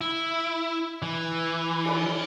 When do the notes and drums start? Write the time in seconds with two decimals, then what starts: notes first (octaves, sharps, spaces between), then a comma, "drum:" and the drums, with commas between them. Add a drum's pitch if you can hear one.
0.01 E4
1.02 E3
1.85 drum: cymbal